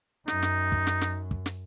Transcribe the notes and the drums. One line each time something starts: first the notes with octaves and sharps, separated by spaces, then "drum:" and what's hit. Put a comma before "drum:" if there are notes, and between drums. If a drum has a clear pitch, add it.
F#2 D#4, drum: snare
drum: snare
drum: kick
drum: snare
drum: snare
drum: kick
drum: snare